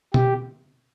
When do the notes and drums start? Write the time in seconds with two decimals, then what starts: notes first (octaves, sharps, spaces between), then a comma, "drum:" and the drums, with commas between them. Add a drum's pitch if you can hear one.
0.14 G4, drum: tom